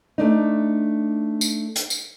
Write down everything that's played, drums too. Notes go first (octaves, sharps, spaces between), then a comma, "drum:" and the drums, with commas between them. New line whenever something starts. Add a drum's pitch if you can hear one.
A3 D4 D#4
drum: tambourine
drum: hi-hat
drum: tambourine